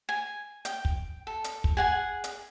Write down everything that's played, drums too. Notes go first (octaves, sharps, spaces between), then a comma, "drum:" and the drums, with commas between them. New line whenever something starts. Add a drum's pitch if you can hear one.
G#5
G5, drum: hi-hat
drum: kick
A4
drum: hi-hat
drum: kick
G#4 F#5 G#5
drum: hi-hat